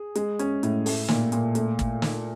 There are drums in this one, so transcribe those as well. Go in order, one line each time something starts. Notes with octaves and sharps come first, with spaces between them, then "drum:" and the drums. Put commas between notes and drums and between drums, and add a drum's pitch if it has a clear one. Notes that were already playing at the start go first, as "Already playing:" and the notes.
Already playing: G#4
G#3, drum: hi-hat
C#4, drum: hi-hat
A2, drum: hi-hat
A3, drum: open hi-hat
A#2, drum: snare
A#2, drum: hi-hat
A3, drum: hi-hat
drum: kick, hi-hat
drum: snare